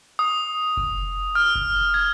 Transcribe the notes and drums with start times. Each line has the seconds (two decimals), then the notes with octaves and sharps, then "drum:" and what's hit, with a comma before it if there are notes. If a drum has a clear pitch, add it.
0.19 D#6
0.77 drum: kick F#1
1.35 F6
1.55 drum: kick F#1
1.94 G#6